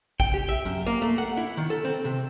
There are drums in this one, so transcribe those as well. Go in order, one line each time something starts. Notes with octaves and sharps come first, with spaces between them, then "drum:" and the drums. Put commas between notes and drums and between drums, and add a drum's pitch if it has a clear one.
G5, drum: kick A1
G4
E5
F#2
A#3
A3
F#5
E4
D#3
A4
C4
C3